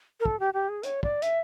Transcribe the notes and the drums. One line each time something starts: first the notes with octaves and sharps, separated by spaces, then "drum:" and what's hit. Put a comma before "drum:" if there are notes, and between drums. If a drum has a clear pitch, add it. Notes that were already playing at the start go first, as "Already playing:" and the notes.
A#4
A4, drum: kick
G4
G4
G#4
C#5, drum: hi-hat
D5, drum: kick
E5, drum: hi-hat